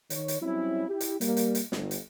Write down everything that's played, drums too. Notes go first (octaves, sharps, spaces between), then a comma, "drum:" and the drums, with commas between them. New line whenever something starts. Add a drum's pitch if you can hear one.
D#3 C#5, drum: hi-hat
drum: hi-hat
F#3 G3 C4 C#4 E4
E4 G4
drum: hi-hat
G3 A#3, drum: hi-hat
drum: hi-hat
drum: hi-hat
G1, drum: snare
drum: hi-hat